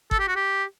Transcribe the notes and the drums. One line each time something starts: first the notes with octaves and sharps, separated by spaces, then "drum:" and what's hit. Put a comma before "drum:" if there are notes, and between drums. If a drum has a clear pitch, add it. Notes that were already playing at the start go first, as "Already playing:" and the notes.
A4, drum: kick G1
G4
F#4
G4